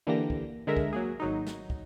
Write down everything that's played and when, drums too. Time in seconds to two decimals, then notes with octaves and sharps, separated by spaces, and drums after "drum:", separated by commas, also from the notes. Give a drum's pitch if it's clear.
0.07 D3 E3 A#3 G4 A#6
0.30 drum: kick
0.67 D3 G#3 A#4 E5 A#6
0.77 drum: kick
0.93 F#3 A#3 G#4
1.20 G#1 F#3 D#4
1.47 drum: snare
1.70 drum: kick